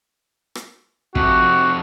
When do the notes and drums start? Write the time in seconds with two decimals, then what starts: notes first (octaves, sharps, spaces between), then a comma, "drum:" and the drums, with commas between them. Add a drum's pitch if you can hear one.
0.55 drum: rim click
1.15 F2 C3 F#4, drum: kick